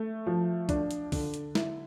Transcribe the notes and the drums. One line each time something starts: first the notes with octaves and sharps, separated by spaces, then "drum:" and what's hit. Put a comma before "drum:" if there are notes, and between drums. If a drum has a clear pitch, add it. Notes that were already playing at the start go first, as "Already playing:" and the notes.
Already playing: A3
F3
D4, drum: kick, hi-hat
drum: hi-hat
D3, drum: kick, open hi-hat
drum: hi-hat
E4, drum: snare